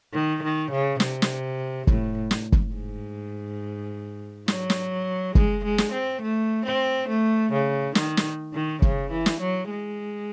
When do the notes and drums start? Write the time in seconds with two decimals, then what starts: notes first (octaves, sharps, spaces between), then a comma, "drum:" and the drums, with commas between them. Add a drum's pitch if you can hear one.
0.13 D#3
0.43 D#3
0.71 C#3
1.00 C3, drum: snare
1.22 drum: snare
1.87 A2, drum: kick
2.31 drum: snare
2.52 drum: kick
2.74 G#2
4.48 F#3, drum: snare
4.70 drum: snare
5.35 G#3, drum: kick
5.64 G#3
5.78 drum: snare
5.93 C4
6.21 A3
6.65 C4
7.08 A3
7.52 C#3
7.95 D#3, drum: snare
8.17 drum: snare
8.53 D#3
8.82 C#3, drum: kick
9.11 E3
9.26 drum: snare
9.41 F#3
9.69 G#3